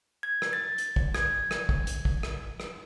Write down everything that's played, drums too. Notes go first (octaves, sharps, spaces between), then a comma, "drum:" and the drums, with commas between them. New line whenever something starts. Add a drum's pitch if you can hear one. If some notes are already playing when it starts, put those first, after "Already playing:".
G#6
drum: rim click
A6
drum: hi-hat
drum: kick
G#6, drum: rim click
drum: rim click
drum: kick
drum: hi-hat
drum: kick
drum: rim click
drum: rim click